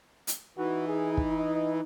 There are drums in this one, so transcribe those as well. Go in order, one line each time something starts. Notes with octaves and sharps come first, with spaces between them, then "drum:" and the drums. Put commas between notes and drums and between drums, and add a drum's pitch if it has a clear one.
drum: hi-hat
E3 D#4 F#4
G#4
drum: kick
D#5